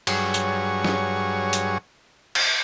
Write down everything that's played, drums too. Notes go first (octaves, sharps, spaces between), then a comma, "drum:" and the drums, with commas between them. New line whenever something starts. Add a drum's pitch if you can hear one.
G2 F#3 G#4 C#5, drum: cymbal
drum: tambourine
drum: snare
drum: hi-hat
drum: cymbal